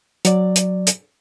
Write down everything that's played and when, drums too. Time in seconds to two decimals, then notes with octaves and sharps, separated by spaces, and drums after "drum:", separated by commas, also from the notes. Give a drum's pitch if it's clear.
0.25 F#3 D5, drum: hi-hat
0.56 drum: hi-hat
0.87 drum: hi-hat